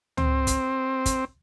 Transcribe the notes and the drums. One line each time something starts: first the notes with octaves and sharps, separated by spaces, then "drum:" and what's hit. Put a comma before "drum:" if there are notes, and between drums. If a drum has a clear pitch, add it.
C4, drum: tom C#2
drum: kick, hi-hat
drum: kick, hi-hat